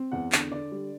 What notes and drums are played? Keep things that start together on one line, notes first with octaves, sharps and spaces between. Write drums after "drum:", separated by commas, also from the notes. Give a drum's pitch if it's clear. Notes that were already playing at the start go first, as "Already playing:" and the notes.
Already playing: C4
E2 F#5
D3, drum: clap
D3 D5
G3